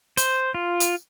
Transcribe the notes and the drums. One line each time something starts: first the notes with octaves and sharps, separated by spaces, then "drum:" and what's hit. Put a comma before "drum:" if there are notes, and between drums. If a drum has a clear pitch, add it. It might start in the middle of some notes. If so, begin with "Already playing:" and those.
C5, drum: hi-hat
F4
drum: hi-hat